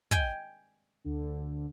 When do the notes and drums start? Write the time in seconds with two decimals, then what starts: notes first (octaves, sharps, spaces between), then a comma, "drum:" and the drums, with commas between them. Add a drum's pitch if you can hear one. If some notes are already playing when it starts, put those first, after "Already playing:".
0.11 G5 G#5, drum: kick
1.04 D2 D3